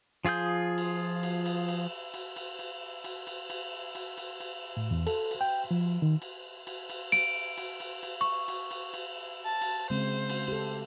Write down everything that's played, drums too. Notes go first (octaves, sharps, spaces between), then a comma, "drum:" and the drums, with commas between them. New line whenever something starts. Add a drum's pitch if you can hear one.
F3 F4 G#4 D#6 G6
drum: cymbal
drum: cymbal
drum: cymbal
drum: cymbal
drum: cymbal
drum: cymbal
drum: cymbal
drum: cymbal
drum: cymbal
drum: cymbal
drum: cymbal
drum: cymbal
drum: cymbal
A2
E2
A4, drum: cymbal
drum: cymbal
G5
F3
D#3
drum: cymbal
drum: cymbal
drum: cymbal
D7, drum: cymbal
drum: cymbal
drum: cymbal
drum: cymbal
C#6
drum: cymbal
drum: cymbal
drum: cymbal
A5
drum: cymbal
C#3 G#3 C4 C5
drum: cymbal
G4 A4